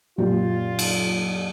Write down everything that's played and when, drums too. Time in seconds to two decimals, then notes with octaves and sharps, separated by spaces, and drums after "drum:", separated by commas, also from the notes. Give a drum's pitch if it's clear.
0.18 F#1 A#2 F4 G4
0.79 drum: cymbal